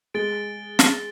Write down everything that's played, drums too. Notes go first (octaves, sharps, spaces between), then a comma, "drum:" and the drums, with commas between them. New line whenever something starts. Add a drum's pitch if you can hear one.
G#3 A6 D7 G7
drum: snare